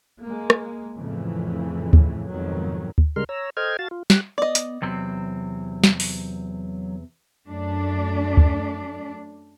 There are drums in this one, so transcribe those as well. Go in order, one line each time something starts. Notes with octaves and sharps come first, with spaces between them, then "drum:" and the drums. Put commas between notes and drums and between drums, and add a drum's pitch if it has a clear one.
G#3 A#3
drum: rim click
F2 A2 C#3 E3
drum: kick D2
F2 G#2 B2 D#3 F#3
drum: kick D2
C#3 G3 G#3 A#4 C6 F6
C#5 A#5 E6
A4 C5 D#5 G5 F6 G#6
F#4 F5 A5 A6
F4
G4 F#6, drum: snare
B3 D5 D#5
drum: hi-hat
E2 C3 F#3 C4
drum: snare
drum: open hi-hat
F#2 A3 D4 D5
drum: kick D2